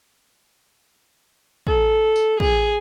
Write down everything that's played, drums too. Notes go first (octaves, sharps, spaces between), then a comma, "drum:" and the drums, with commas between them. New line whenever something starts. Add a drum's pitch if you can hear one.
A4, drum: kick
drum: tambourine
G#4, drum: kick